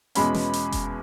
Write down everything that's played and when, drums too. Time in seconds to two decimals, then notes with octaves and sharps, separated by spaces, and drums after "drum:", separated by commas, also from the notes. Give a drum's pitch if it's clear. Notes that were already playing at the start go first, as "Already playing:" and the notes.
0.15 E2 B2 G#3 C#4 B5, drum: hi-hat
0.34 drum: snare
0.53 drum: hi-hat
0.72 drum: kick F1, hi-hat